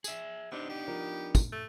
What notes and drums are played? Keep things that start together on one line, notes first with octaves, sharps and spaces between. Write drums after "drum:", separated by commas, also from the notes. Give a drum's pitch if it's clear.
G#4 E5, drum: tambourine
C3 B3 D4 D#4
G4
F3 A#4
drum: kick, tambourine
A3